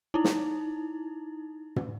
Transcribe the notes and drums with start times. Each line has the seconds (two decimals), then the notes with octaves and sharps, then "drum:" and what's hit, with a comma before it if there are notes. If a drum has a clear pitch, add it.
0.14 D#4 E4
0.24 drum: snare
1.76 drum: tom